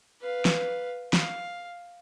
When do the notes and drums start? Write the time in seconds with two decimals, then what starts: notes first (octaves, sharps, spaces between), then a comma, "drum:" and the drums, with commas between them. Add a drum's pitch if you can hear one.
0.21 B4 F5
0.45 drum: snare
1.13 F5, drum: snare